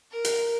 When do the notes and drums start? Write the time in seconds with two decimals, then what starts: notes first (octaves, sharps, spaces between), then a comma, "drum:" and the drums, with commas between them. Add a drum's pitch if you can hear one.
0.11 A#4
0.25 drum: hi-hat